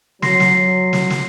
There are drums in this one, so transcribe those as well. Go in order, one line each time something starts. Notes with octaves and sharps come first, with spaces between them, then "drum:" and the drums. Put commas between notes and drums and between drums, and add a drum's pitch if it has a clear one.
F#3 C6 A#6 C7, drum: snare
drum: snare
drum: snare
drum: snare